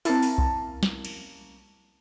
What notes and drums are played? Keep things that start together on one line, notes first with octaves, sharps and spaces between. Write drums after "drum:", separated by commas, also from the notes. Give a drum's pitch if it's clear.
A#3 C4 C#4 E4 A5, drum: open hi-hat
drum: open hi-hat
drum: kick B1
drum: snare
drum: cymbal